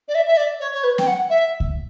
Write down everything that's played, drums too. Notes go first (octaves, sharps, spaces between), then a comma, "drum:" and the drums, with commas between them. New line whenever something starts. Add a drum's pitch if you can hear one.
D5
E5
E5
D5
C#5
C#5
B4
G5, drum: snare
F#5
E5
drum: kick C#2